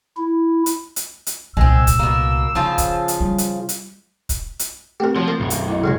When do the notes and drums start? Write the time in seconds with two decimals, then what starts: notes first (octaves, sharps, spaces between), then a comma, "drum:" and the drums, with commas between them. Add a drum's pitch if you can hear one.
0.17 E4
0.66 drum: hi-hat
0.96 drum: hi-hat
1.27 drum: hi-hat
1.57 C2 A#2 G#3 C4 E6
1.87 drum: kick, hi-hat
1.99 B2 A#3
2.55 C#3 F3 G#3 F4
2.78 drum: kick, hi-hat
3.08 drum: hi-hat
3.20 G3
3.38 drum: hi-hat
3.69 drum: hi-hat
4.29 drum: kick, hi-hat
4.59 drum: hi-hat
5.00 A3 C4 G4 A#4
5.16 F3 F#3 A3
5.28 A#3
5.40 B1 F#2
5.50 drum: hi-hat
5.68 E4 D#5
5.84 C#3 F#3 G#3